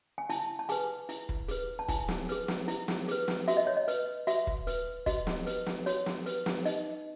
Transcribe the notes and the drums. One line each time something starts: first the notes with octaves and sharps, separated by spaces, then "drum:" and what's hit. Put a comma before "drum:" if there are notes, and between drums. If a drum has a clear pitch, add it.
G#5
E4 A5, drum: hi-hat
A5
G#4 B4 G#5, drum: hi-hat
E4, drum: hi-hat
drum: kick
G#4 B4, drum: hi-hat
A5
E4 G#5, drum: kick, hi-hat
drum: snare
G#4 B4, drum: hi-hat
drum: snare
E4, drum: hi-hat
drum: snare
G#4 B4, drum: hi-hat
drum: snare
F#4 E5, drum: hi-hat
D#5
C#5
D#5
B4, drum: hi-hat
F#4 E5, drum: hi-hat
drum: kick
B4, drum: hi-hat
F#4 D#5, drum: kick, hi-hat
drum: snare
B4, drum: hi-hat
drum: snare
F#4 C#5, drum: hi-hat
drum: snare
B4, drum: hi-hat
drum: snare
D#4 D#5, drum: hi-hat